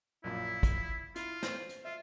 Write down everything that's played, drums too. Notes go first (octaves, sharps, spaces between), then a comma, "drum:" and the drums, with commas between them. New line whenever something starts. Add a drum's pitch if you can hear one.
A#1 F#2 A#2 E4
drum: kick, hi-hat
E4 F4, drum: hi-hat
C5, drum: snare
drum: hi-hat
F4 E5